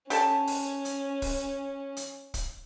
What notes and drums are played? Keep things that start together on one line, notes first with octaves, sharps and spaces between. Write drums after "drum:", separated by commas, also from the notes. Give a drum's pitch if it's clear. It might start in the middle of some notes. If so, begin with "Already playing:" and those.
C#4 G4 A4 A5, drum: hi-hat
drum: open hi-hat
drum: hi-hat
drum: kick, open hi-hat
drum: hi-hat
drum: kick, hi-hat